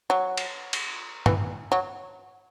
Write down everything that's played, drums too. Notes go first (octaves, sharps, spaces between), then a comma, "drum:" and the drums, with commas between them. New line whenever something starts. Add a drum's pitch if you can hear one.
F#3
drum: cymbal
drum: cymbal
E3, drum: tom G2
F#3